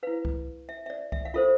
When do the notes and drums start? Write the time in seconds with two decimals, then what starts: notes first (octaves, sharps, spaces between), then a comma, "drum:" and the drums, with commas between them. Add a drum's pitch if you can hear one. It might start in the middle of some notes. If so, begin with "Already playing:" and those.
0.03 E4 B4 F5
0.25 drum: kick C2
0.69 E5
0.86 E5
0.90 D5
1.12 E5, drum: kick C2
1.25 F5
1.34 F4 A4 C5 E5